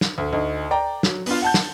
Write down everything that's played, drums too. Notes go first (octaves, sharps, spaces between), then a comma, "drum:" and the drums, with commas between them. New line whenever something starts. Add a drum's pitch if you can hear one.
drum: snare
D2
D2 D#4
D5 G5 A#5
F#3, drum: snare
B3 D4 F4, drum: open hi-hat
F#5 A5 G6
drum: snare